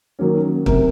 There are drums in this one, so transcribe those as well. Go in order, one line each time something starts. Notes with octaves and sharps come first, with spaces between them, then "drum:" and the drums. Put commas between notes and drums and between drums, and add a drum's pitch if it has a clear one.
D#3 F#3 A#3 C#4
C3 A#4, drum: kick